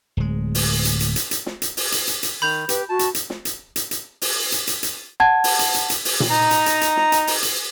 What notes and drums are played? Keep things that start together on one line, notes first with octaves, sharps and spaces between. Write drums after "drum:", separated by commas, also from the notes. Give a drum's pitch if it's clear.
D1 G#3
drum: open hi-hat
drum: hi-hat
drum: hi-hat
drum: hi-hat
drum: hi-hat
drum: snare
drum: hi-hat
drum: open hi-hat
drum: hi-hat
drum: hi-hat
drum: hi-hat
D#3 B5 G6 F7
G4 B4, drum: hi-hat
F#4 A5
drum: hi-hat
drum: hi-hat
drum: snare
drum: hi-hat
drum: hi-hat
drum: hi-hat
drum: open hi-hat
drum: hi-hat
drum: hi-hat
drum: hi-hat
F#5 A5 G#6
drum: open hi-hat
drum: hi-hat
drum: hi-hat
drum: hi-hat
drum: open hi-hat
drum: tom A#2
D#4 A#5
drum: hi-hat
drum: hi-hat
drum: hi-hat
drum: snare
drum: hi-hat
drum: open hi-hat
drum: hi-hat